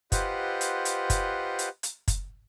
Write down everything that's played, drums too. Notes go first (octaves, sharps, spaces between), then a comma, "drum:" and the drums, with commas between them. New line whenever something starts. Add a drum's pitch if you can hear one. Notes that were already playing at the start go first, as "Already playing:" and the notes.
F4 G4 B4 C5 D#5 F#5, drum: kick, hi-hat
drum: hi-hat
drum: hi-hat
drum: kick, hi-hat
drum: hi-hat
drum: hi-hat
drum: kick, hi-hat